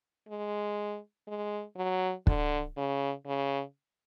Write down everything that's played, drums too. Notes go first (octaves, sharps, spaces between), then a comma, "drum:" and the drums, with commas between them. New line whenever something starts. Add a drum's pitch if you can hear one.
G#3
G#3
F#3
D3, drum: kick
C#3
C#3